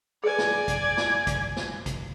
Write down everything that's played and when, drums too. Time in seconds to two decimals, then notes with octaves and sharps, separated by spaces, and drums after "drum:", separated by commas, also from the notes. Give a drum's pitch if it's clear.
0.24 G#4 B4 D5 G#5
0.38 drum: snare
0.68 drum: kick, hi-hat
0.97 drum: snare
1.27 drum: kick, hi-hat
1.56 drum: snare
1.86 drum: kick, hi-hat